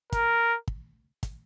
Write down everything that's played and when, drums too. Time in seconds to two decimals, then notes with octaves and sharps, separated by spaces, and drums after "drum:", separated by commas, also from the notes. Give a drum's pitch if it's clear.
0.12 A#4, drum: kick, hi-hat
0.68 drum: kick
1.23 drum: kick, hi-hat